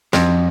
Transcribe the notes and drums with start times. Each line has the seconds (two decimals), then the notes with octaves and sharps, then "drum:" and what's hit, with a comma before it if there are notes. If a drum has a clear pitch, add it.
0.13 F2, drum: snare